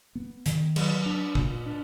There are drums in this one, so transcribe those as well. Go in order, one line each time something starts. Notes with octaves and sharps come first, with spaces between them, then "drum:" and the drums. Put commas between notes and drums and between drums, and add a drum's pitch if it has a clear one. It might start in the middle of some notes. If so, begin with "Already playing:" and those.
B3
D#3, drum: hi-hat
F#3, drum: cymbal
D4
A#2, drum: kick
D4